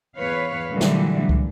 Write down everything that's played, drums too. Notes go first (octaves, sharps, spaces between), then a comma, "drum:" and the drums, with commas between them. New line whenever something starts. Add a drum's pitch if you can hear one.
E2 B4 C#5 F5
A#2 D3 E3 F#3 G3 A3
drum: snare
drum: kick